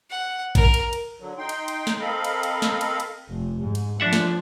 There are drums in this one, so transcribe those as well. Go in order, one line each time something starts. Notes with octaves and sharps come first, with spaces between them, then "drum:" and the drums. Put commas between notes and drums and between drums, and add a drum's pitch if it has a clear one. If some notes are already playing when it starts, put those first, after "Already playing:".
F#5
A#4, drum: kick A1, cymbal
drum: cymbal
drum: cymbal
D3 F#3
D#4 G5 C6
drum: cymbal
drum: cymbal
drum: snare
C4 A4 A#4 D#5 F5 B5
drum: cymbal
drum: cymbal
drum: snare
drum: cymbal
drum: cymbal
F1
G#2
drum: cymbal
F3 D4 E5 F#5
drum: snare